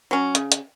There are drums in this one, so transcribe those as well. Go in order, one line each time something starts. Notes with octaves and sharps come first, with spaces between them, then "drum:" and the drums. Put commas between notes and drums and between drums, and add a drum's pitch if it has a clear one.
F#3 C#4
C#3, drum: hi-hat
drum: hi-hat